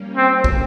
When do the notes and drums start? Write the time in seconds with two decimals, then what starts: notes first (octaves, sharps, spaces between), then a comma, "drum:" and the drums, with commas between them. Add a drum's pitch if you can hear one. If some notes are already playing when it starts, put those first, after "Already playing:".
Already playing: G3 A#3 C#4
0.17 C4
0.44 drum: kick